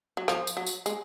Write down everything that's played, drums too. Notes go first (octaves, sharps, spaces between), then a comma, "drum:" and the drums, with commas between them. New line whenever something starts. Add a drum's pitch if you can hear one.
F#3
F3, drum: rim click
drum: tambourine
F#3
drum: tambourine
G#3, drum: tambourine